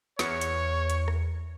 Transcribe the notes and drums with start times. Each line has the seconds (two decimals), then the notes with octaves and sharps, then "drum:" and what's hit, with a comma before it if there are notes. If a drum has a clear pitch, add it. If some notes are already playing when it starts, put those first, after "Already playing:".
0.19 E2 C#5 C#7, drum: snare
0.41 drum: hi-hat
0.90 drum: hi-hat
1.08 drum: rim click